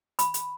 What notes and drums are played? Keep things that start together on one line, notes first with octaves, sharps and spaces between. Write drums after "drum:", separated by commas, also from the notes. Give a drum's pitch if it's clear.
B5, drum: hi-hat
drum: hi-hat